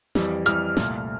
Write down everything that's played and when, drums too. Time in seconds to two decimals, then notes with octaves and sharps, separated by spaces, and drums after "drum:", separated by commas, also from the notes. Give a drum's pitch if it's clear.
0.15 F2 E3 G3, drum: snare
0.46 F2 E3 G3 F6, drum: hi-hat
0.77 C2 A#2 A3, drum: snare